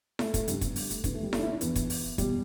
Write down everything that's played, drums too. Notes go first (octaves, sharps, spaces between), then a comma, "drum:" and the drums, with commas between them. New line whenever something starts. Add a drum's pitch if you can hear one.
A3, drum: snare E4
A3, drum: kick, hi-hat
G2 D3 G3, drum: hi-hat
B3, drum: kick, hi-hat
G3, drum: open hi-hat
A3, drum: hi-hat
E2 D3 B3, drum: kick, hi-hat
A3
G3
A3, drum: snare E4
D4
E4
D4
E2 E3 B3, drum: hi-hat
drum: kick, hi-hat
drum: open hi-hat
E2 B2 G3, drum: kick, hi-hat